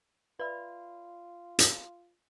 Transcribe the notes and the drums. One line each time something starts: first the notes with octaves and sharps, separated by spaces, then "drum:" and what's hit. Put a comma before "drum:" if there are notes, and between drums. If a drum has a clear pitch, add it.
F4 B4 D5 E5 B5
drum: hi-hat